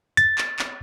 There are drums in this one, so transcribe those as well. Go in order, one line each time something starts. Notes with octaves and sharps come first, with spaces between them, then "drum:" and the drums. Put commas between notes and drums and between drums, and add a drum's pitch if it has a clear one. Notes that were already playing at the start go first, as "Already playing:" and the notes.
A6, drum: hi-hat
drum: clap
drum: clap